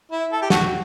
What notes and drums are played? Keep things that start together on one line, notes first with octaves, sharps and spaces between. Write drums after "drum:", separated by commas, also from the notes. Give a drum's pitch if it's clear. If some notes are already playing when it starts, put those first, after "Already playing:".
E4
A4
G4
F#4, drum: snare